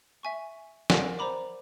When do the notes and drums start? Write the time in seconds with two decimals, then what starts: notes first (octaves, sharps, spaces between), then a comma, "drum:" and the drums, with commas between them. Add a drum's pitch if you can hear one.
0.23 E5 G#5 C#6
0.90 A#4 D5 F#5 G#5, drum: snare
1.19 C5 D5 A#5 B5 D6